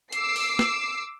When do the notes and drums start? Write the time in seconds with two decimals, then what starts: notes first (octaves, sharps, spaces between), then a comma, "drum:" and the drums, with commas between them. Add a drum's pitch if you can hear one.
0.12 D6 E6 C7, drum: hi-hat
0.36 drum: open hi-hat
0.59 drum: snare